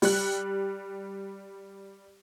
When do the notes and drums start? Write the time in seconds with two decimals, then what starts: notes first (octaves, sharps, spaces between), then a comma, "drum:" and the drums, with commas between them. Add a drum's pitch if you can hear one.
0.02 G3 F#6, drum: open hi-hat